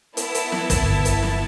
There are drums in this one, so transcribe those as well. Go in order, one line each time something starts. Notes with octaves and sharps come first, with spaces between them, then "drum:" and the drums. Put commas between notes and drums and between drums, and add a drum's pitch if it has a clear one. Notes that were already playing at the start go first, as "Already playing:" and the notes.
B3 E4 A5, drum: hi-hat
drum: hi-hat
drum: snare
drum: kick, hi-hat
G1
drum: hi-hat
drum: snare